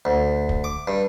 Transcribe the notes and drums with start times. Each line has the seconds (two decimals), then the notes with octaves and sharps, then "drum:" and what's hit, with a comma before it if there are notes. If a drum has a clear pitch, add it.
0.05 D2
0.49 drum: kick
0.64 D6
0.88 G2